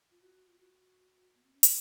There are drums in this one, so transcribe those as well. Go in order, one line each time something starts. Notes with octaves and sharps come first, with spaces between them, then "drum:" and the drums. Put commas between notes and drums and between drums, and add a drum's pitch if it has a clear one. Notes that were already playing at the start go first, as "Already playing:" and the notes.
F4
F#4
F4
F#4
B3
C4
C#4
D4, drum: hi-hat